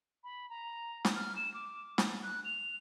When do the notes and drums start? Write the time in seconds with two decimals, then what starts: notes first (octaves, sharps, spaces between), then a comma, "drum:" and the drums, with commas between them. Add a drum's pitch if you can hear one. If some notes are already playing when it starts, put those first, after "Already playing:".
0.24 B5
0.50 A#5
1.05 drum: snare
1.16 F6
1.36 E7
1.54 D6
1.98 drum: snare
2.23 F#6
2.45 F7